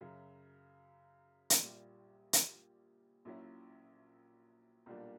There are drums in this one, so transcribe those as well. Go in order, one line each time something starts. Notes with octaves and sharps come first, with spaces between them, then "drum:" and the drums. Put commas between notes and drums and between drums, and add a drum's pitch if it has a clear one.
F#2 C#3 F#3
drum: hi-hat
A#1 A#2 G3
drum: hi-hat
A#1 A#2 F#3 C#4 E4
B1 A#2 G3 A#3 D4